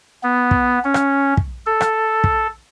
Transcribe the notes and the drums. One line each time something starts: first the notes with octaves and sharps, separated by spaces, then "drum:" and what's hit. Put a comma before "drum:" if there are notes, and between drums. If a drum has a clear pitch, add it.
B3
drum: kick
C#4
drum: rim click
drum: kick
A4
drum: rim click
drum: kick